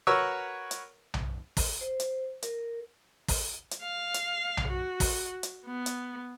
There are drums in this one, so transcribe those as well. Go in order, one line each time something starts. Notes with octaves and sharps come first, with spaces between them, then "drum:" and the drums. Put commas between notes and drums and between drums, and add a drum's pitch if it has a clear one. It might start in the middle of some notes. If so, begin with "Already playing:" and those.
F#4 A#4 B4 C#5 C#6 E6
drum: hi-hat
drum: tom B1
drum: kick, open hi-hat
C5
drum: hi-hat
A#4, drum: hi-hat
drum: kick, open hi-hat
drum: hi-hat
F5
drum: hi-hat
drum: tom B1
F#4
drum: kick, open hi-hat
drum: hi-hat
B3
drum: hi-hat